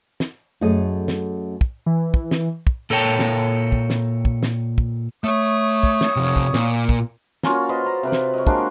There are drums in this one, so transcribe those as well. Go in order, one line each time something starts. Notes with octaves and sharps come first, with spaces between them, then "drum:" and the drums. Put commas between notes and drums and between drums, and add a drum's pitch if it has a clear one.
drum: snare
F#2 A3 G#4 D#5
drum: snare
drum: kick
E3
drum: kick
drum: snare
drum: kick
A#2 A4 A#4 C#5 G5 A5
drum: snare
drum: kick
drum: snare
drum: kick
drum: snare
drum: kick
A3 C#5 E5 C#6 D#6
drum: kick
drum: snare
C3 F3
drum: kick
A#2, drum: snare
drum: kick
A#3 C#4 F4 F#4, drum: snare
B4 C5 D5 D#5
D5 A#5
C3 B4 D5
drum: snare
C#5 D#5
G#3 A#3 D4 F#4, drum: kick